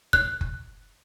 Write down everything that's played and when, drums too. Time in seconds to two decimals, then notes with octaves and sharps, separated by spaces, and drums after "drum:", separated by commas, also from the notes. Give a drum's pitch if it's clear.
0.13 F#6, drum: kick F#1
0.41 drum: kick F#1